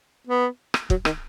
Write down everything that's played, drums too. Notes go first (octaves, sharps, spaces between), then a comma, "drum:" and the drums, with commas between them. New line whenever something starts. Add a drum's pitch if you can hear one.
B3
drum: rim click
F#3, drum: kick
D#3, drum: rim click